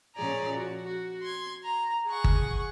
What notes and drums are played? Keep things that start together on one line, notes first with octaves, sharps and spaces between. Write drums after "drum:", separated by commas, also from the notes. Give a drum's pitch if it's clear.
A#2 F3 C#4 G#4 D5 A#5
F#4
F#4
C6 G#6
A#5
G#4 F#5 C#6
drum: kick G1